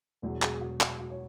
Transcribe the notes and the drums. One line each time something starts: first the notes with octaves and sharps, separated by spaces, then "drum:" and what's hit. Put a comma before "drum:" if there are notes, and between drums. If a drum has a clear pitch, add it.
E1 E2 B2 F#3
G#4, drum: clap
F#4
F#4, drum: clap
F#4
C#5